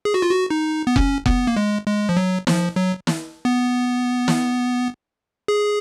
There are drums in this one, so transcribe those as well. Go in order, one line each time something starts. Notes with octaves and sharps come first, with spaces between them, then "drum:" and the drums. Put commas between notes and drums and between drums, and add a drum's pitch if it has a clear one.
G#4
F#4
F4
F#4
D#4
B3
C#4, drum: kick F1
B3, drum: kick F1
A#3
G#3
G#3
F3
F#3
F3, drum: snare
F#3
drum: snare
B3
drum: snare
G#4